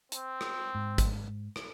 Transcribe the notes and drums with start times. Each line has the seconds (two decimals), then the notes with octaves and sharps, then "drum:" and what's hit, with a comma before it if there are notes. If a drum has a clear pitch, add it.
0.12 C4, drum: hi-hat
0.41 drum: rim click
0.75 G#2
0.98 drum: kick G#1, hi-hat
1.56 drum: rim click